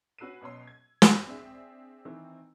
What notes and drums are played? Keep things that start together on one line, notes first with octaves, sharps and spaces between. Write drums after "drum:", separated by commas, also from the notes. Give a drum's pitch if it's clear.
C#4 F#4 B4 E6 C7 D#7
F#2 B2 C#5 C6
G#6
drum: snare
C4 D4 G#4 E5
D#3 E3 C4